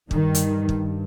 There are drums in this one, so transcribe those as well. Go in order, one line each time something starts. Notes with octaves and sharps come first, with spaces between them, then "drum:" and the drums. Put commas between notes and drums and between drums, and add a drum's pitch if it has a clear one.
G2 D#3, drum: kick
drum: hi-hat
drum: kick